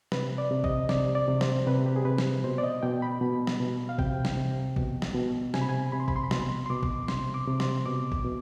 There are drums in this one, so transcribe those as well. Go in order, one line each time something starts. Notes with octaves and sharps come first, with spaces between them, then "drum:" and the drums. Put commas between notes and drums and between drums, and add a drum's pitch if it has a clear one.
C3 B4, drum: snare
D5
C3
D#5, drum: kick A1
C3 D5, drum: snare
D5
C3
C5, drum: snare
C3 B4
G4
G#4
C3 B4
drum: snare
B2 C5
D5
D#5
B2 G5
B5
B2
drum: snare
B2
F5
C3 G5, drum: kick A1
drum: snare
C3
B2, drum: kick A1
drum: snare
B2
C3 G#5, drum: snare
B5
G#5
C3 B5
C6
B5, drum: kick A1
C6
B5
B2 C6, drum: snare
C6
B2 D6
drum: kick A1
C3 C6, drum: snare
D6
C3
C6, drum: snare
B2 D6
drum: kick A1
B2